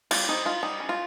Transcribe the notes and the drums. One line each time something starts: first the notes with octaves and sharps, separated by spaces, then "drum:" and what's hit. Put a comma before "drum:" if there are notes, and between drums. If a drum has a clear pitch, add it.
G3 F4, drum: cymbal
C4 D#4
D#4 F4
G3 D#4
C#4
F4